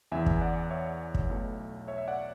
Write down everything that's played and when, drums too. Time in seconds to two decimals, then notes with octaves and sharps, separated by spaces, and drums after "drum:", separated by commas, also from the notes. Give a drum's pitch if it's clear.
0.12 E2 C#3 E3 E5 G#5
0.26 drum: kick
0.41 D5 F#5
0.71 C#5 E5
1.14 drum: kick
1.29 B1 B2 A3
1.88 C#5 E5
1.98 E5
2.08 D5 F#5